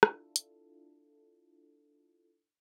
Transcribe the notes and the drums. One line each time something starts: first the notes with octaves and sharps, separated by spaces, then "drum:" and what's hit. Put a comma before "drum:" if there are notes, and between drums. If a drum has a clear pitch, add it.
D4 E4 F4 A4, drum: rim click
drum: hi-hat